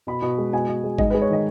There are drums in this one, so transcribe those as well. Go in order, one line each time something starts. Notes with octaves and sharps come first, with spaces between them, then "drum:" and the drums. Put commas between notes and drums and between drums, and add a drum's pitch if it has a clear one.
B2 B5
B2
G#3
B2 G#5
B2
G#3
G#2 D#5, drum: kick G#1
G#3 B4
C#5
D#3 D#5